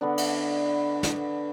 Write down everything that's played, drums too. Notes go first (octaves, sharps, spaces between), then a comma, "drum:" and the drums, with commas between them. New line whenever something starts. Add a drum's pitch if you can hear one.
D3 B3 D4
drum: cymbal
drum: snare